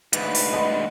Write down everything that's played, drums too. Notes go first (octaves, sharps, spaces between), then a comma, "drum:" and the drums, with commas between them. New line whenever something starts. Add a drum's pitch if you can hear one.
D2 G#2 B4, drum: hi-hat
drum: open hi-hat
D#5 B5 C6